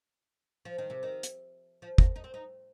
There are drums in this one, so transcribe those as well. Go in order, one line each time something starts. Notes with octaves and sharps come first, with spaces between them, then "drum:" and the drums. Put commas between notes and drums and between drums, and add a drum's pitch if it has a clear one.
F3
D#3
C3
D#3
drum: hi-hat
F3
A#3, drum: kick
D#4
C4
D#4